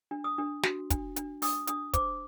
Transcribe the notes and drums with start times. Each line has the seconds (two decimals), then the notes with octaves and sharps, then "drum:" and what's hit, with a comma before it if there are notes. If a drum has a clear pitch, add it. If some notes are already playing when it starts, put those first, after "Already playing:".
0.11 D4
0.24 D#6
0.38 D4
0.63 F#4, drum: snare
0.90 D4, drum: kick, hi-hat
1.16 D4, drum: hi-hat
1.42 D4 D#6, drum: open hi-hat
1.67 D4 D#6, drum: hi-hat
1.93 C5 D6, drum: kick, hi-hat